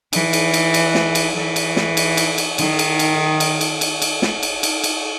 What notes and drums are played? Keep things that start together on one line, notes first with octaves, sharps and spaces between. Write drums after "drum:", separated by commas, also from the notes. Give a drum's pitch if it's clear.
E3, drum: cymbal
drum: cymbal
drum: cymbal
drum: cymbal
drum: snare
drum: cymbal
E3
drum: cymbal
drum: snare
drum: cymbal
drum: cymbal
drum: cymbal
D#3, drum: cymbal
drum: cymbal
drum: cymbal
drum: cymbal
drum: cymbal
drum: cymbal
drum: cymbal
drum: snare
drum: cymbal
drum: cymbal
drum: cymbal